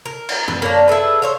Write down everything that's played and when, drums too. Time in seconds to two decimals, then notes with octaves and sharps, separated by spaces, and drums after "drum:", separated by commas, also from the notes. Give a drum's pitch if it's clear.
0.06 A#4
0.29 drum: cymbal
0.48 B4, drum: tom
0.62 A#3 C#4 D4
0.88 E4 G#4 A4 B4
1.22 C5 C#5 F5